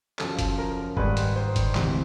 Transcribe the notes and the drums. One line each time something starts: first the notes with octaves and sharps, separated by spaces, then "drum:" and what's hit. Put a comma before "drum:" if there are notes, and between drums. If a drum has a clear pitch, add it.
F#2 C#3 F3 A4, drum: clap
drum: kick F#1, hi-hat
A#4
G#2 D#3 G3 B4, drum: kick F#1
drum: hi-hat
C5
drum: kick F#1, hi-hat
D2 C3 E3, drum: clap